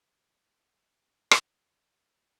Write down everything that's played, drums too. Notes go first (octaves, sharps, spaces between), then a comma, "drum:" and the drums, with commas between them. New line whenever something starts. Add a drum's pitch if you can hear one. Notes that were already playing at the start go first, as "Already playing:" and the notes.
Already playing: G#2 F3 C4 F#4
G#4
C#3 G#3 C#4 F#4 C#5
drum: rim click
C5